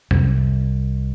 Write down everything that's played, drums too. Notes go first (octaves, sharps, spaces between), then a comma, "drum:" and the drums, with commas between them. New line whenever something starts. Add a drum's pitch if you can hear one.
C2, drum: tom F2